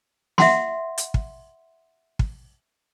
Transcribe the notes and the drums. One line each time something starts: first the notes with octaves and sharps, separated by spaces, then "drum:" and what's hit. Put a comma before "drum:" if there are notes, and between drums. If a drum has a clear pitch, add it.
E5 F#5 C6, drum: snare
drum: hi-hat
drum: kick
drum: kick